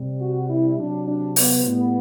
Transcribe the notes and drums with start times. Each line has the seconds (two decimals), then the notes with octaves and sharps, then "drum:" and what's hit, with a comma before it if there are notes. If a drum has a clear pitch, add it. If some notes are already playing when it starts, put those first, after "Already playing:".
Already playing: C3 G3
0.20 F#4
0.49 E4
0.78 C3 F#3 D4
1.07 D4
1.36 B3, drum: open hi-hat
1.65 A2 G3 B3